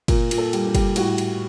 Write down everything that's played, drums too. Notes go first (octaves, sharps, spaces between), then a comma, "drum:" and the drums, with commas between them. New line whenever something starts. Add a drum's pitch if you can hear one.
A#2 A#4, drum: kick F#1, cymbal
A#2, drum: cymbal
A4
G3, drum: cymbal
G4
G3, drum: kick F#1, cymbal
A2 F#4, drum: cymbal
drum: cymbal